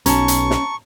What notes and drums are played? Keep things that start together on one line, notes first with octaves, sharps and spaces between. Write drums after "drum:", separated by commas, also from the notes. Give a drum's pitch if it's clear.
B1 C#4 A5 A#5 C#6, drum: hi-hat
drum: hi-hat
drum: snare